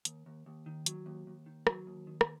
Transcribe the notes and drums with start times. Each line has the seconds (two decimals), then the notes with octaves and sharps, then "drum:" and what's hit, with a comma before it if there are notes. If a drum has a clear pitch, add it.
0.05 D#2, drum: hi-hat
0.26 D#2
0.46 D#2
0.66 D#3
0.86 F#3, drum: hi-hat
1.06 D#2
1.27 D#2
1.46 D#3
1.67 F#3, drum: rim click
1.87 D#2
2.07 D#3
2.21 drum: rim click